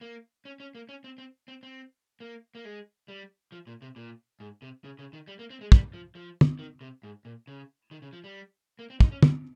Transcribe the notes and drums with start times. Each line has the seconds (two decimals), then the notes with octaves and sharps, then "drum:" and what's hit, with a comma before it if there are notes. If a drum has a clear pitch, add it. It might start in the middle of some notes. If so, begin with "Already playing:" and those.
0.01 A#3
0.45 C#4
0.60 C#4
0.75 A#3
0.89 C#4
1.04 C4
1.18 C4
1.48 C4
1.63 C4
2.20 A#3
2.55 A#3
2.65 G#3
3.08 G3
3.52 F3
3.67 A#2
3.82 C3
3.96 A#2
4.40 G#2
4.62 C3
4.84 C#3
4.99 C#3
5.13 D#3
5.27 G3
5.39 A#3
5.50 C4
5.61 G#3
5.72 G3, drum: kick
5.93 F3
6.15 F3
6.41 drum: tom
6.59 D#3
6.81 C3
7.03 G#2
7.25 A#2
7.47 C#3
7.91 D#3
8.02 C#3
8.13 F3
8.24 G3
8.79 A#3
8.90 C4
9.00 D#4, drum: kick
9.12 C#4
9.23 G3, drum: tom